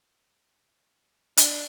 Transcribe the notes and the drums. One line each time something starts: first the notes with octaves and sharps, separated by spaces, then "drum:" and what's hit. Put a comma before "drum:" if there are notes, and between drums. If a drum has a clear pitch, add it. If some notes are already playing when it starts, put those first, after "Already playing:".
D4, drum: hi-hat